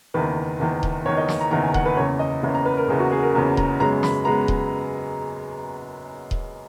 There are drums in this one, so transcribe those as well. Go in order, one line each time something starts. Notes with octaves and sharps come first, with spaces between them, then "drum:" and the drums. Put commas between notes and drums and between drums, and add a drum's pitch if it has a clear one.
F#1 E2 D#3 B4
F#1 E2 D#3
drum: kick D#1
F#1 E2 D#3 C#5
D#5
drum: snare
A#5
F#1 E2 D#3 A#5
G#5
F#5, drum: kick D#1
B4
F#1 E2 C#3 C#5
D#5
F#1 E2 C#3
A#5
B4
A#4
F#1 E2 C#3 G#4
F#4
G#4
A#4
F#1 E2 C#3
A#5, drum: kick D#1
F#2 C#3 G#3 B3 A#5
B5, drum: snare
C#3 G#3 B3 A#5
drum: kick D#1
drum: kick D#1